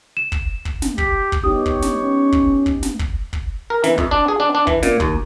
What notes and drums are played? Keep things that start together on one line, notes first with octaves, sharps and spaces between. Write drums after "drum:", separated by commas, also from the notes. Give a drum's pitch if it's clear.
E7
drum: kick
drum: kick
drum: snare
G4 B6, drum: kick
drum: kick
B3 D#4 G4 C#5 D#6
drum: kick
drum: snare
C#4
drum: kick
drum: kick
drum: snare
drum: kick
drum: kick
A#4
E3, drum: snare
F2, drum: kick
D4
G#4
D4
D4
E3, drum: kick
A#2, drum: snare
D#2, drum: kick